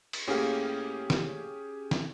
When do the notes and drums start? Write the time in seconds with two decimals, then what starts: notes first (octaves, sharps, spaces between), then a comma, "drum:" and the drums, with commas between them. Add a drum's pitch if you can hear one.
0.13 drum: cymbal
0.28 A2 A#3 C#4 G4 G#4
1.10 drum: snare
1.91 drum: snare